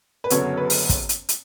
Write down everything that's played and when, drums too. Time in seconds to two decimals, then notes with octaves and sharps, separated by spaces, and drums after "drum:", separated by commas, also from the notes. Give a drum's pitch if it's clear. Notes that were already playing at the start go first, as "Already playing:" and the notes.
0.24 B4
0.30 F#1 F#2 D3 F#3 B3 C#5, drum: hi-hat
0.57 B4
0.70 drum: open hi-hat
0.89 drum: kick, hi-hat
1.09 drum: hi-hat
1.29 drum: hi-hat